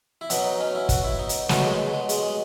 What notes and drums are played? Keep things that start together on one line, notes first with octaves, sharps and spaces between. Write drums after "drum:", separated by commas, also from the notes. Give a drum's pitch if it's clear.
E4
B2 F#3 D#4, drum: hi-hat
D#4
C#4
E4
F#4, drum: kick, hi-hat
E4
D#4
drum: hi-hat
B2 F#3 A3, drum: snare
G#3
G#3
G#3, drum: hi-hat
G#3